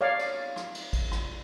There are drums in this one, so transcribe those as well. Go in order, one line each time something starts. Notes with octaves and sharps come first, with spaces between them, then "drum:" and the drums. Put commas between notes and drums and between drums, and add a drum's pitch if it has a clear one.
C#5 D5 F5
drum: cymbal
drum: rim click
drum: cymbal
drum: kick A1, cymbal
drum: rim click